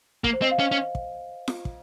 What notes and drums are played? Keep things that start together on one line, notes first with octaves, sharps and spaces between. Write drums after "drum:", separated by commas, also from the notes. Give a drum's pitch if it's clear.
A#3, drum: kick
C5
C4 D#5
F5
C#4 D#5
C#4
drum: kick
drum: snare F4
drum: kick